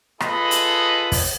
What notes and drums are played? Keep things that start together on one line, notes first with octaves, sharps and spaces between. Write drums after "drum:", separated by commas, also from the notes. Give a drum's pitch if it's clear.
F4 G#4 A4 B4 D#5 B5, drum: rim click
drum: hi-hat
drum: kick, open hi-hat